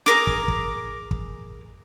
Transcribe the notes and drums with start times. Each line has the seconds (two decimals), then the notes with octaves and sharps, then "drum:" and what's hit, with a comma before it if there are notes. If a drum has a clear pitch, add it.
0.06 G#4 A#4 D6, drum: snare
0.27 drum: kick
0.48 drum: kick
1.11 drum: kick